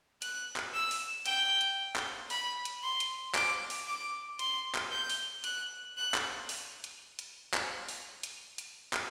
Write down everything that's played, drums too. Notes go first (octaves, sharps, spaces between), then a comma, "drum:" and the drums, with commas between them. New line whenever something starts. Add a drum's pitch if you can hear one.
F#6, drum: hi-hat
drum: clap
E6
drum: open hi-hat
G5, drum: hi-hat
drum: hi-hat
drum: clap
B5, drum: open hi-hat
drum: hi-hat
C6
drum: hi-hat
D6, drum: clap
drum: open hi-hat
D6
C6, drum: hi-hat
drum: clap
G6
drum: open hi-hat
F#6, drum: hi-hat
F#6
drum: clap
drum: open hi-hat
drum: hi-hat
drum: hi-hat
drum: clap
drum: open hi-hat
drum: hi-hat
drum: hi-hat
drum: clap